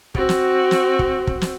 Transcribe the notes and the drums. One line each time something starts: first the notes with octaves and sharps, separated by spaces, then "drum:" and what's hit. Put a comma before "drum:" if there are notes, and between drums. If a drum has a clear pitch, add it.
C4 F#4, drum: kick
drum: snare
drum: snare
drum: kick
drum: kick
drum: snare